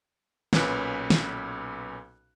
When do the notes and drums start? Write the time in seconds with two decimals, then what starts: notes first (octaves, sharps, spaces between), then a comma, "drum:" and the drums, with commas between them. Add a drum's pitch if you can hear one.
0.53 B1 A#2 C#4 B4 F#6, drum: snare
1.10 drum: snare